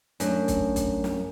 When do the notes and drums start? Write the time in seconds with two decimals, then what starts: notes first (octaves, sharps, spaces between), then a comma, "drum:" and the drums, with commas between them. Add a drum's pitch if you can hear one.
0.20 F#2 A3 C#4 D4, drum: hi-hat
0.48 drum: kick, hi-hat
0.76 drum: kick, hi-hat
1.04 drum: snare